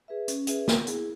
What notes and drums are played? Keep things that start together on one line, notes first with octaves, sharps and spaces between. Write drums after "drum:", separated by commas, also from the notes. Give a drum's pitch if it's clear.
G#4 B4 E5
C#4, drum: hi-hat
G#4 B4 E5, drum: hi-hat
B3, drum: snare
E4 G#4, drum: hi-hat